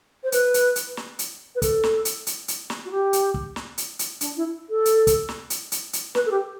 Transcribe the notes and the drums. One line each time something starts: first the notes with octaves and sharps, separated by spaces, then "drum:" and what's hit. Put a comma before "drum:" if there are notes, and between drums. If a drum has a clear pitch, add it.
C5
B4, drum: hi-hat
drum: hi-hat
drum: hi-hat
drum: snare
drum: hi-hat
B4
A4, drum: kick, hi-hat
drum: snare
drum: hi-hat
drum: hi-hat
drum: hi-hat
drum: snare
F#4
G4
drum: hi-hat
drum: kick
drum: snare
drum: hi-hat
drum: hi-hat
D4, drum: hi-hat
E4
A4
drum: hi-hat
drum: kick, hi-hat
drum: snare
drum: hi-hat
drum: hi-hat
drum: hi-hat
B4, drum: snare
A4
G4